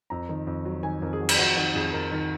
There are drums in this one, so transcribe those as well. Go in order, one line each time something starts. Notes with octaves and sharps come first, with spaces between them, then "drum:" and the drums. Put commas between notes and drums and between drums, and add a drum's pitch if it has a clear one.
F2 A#5
D#3
F2
F#3
D#3 G#5
F2 A#4
G#4
F#3 F#4
drum: cymbal
F2 F#4
D#3 F#4
F2 G#4
F2 A#4
D#3